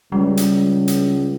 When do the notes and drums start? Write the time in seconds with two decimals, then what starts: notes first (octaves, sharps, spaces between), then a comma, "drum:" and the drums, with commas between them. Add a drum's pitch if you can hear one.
0.12 C#2 G3
0.37 drum: hi-hat
0.88 drum: hi-hat